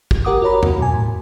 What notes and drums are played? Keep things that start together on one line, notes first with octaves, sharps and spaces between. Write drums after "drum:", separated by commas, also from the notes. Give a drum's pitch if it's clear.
drum: kick
G4 A#4 F#5 D6 D#6
F#4 A#4 C#5 A#5 B5
D2, drum: tom E2
F#2 B2 G#5
A2